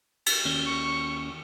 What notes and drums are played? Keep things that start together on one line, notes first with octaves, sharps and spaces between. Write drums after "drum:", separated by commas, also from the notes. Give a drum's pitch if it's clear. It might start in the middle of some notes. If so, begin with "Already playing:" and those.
drum: cymbal
D#2 C#4 G7
C#6